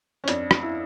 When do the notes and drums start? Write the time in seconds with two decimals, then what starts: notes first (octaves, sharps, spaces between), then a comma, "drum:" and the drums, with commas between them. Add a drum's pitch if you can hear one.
0.24 C#4
0.28 F2 D4, drum: hi-hat
0.51 drum: rim click
0.62 E4